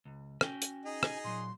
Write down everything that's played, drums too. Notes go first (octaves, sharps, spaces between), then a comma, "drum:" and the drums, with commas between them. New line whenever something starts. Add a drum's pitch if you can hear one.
C#2
C#4 F#4 G5, drum: rim click
drum: hi-hat
D#4 G#4 D#5
G#5, drum: rim click
A#2 F#3 C6